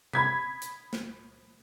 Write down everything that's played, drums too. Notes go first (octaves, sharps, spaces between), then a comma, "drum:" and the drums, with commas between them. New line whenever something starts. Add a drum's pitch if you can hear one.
B5 G#6 B6, drum: tom C3
drum: hi-hat
drum: snare